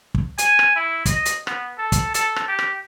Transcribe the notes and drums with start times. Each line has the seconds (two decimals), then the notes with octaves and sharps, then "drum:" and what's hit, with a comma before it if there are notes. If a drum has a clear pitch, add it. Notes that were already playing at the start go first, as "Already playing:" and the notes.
0.14 drum: kick
0.38 G#5, drum: hi-hat
0.59 drum: rim click
0.76 E4
1.06 D#5, drum: kick, hi-hat
1.25 drum: hi-hat
1.47 B3, drum: rim click
1.78 A4
1.92 drum: kick, hi-hat
2.14 A4, drum: hi-hat
2.36 drum: rim click
2.48 G4
2.59 drum: rim click